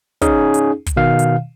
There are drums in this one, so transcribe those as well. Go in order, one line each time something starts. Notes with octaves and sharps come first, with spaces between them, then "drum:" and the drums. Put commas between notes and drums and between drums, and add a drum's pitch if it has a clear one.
C#4 D#4 G#4, drum: kick, hi-hat
drum: hi-hat
drum: kick, hi-hat
B2 D#3 F5
drum: hi-hat